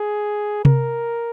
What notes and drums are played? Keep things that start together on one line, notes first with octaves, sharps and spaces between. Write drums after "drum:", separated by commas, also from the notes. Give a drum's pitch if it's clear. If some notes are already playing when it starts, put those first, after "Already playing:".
Already playing: G#4
A#4, drum: tom C3